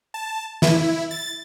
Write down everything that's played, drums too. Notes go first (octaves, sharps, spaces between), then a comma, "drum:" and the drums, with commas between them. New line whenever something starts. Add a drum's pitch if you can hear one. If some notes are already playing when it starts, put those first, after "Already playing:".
A5
E4, drum: snare
A6